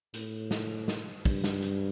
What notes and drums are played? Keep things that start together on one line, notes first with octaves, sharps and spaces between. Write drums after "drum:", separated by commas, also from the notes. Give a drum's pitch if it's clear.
A2, drum: hi-hat
drum: snare
drum: snare
G2, drum: kick, open hi-hat
drum: snare
drum: hi-hat